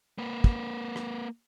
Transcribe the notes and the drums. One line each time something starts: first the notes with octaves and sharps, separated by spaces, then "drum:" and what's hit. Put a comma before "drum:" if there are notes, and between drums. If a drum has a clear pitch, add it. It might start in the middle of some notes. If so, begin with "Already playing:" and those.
A#3 B4
drum: kick
drum: rim click